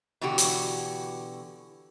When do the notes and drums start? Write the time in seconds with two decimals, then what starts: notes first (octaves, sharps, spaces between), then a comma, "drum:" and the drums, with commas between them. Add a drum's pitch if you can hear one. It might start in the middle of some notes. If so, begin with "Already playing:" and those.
0.21 B2 D3 E3 F#4 G4
0.38 drum: hi-hat